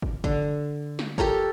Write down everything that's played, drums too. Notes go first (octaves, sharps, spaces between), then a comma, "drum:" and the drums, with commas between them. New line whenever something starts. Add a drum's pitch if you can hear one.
drum: kick
D3, drum: kick
drum: snare
G4 A4 A#4 C#5, drum: kick